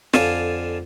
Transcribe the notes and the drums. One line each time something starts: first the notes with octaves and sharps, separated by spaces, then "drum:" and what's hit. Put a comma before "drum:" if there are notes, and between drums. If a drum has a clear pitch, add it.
F2 D3 F5 G#5 A5, drum: snare